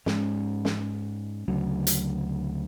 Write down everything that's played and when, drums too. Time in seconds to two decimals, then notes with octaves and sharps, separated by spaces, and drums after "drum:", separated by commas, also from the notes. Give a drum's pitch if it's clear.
0.06 G#2 G#3 C#4, drum: snare
0.65 drum: snare
1.48 D2 C#3 F#3
1.87 drum: hi-hat